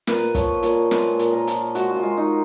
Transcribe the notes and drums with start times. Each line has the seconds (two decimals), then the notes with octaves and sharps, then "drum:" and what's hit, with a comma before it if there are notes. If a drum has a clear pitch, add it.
0.07 A#2 B4, drum: snare
0.35 F3 C#5, drum: kick, hi-hat
0.63 A#2 C#5, drum: hi-hat
0.91 G#3 B4, drum: snare
1.19 A#2, drum: hi-hat
1.33 A#4
1.47 F3, drum: hi-hat
1.75 G#3 F#4, drum: hi-hat
1.92 F4 F#4
2.03 G#3
2.17 D#4